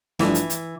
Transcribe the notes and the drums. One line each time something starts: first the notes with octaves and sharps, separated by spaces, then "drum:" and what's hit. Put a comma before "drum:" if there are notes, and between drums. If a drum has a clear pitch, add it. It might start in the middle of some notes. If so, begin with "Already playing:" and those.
A1 G2 E3 F3 A3 D4, drum: snare
drum: hi-hat
drum: hi-hat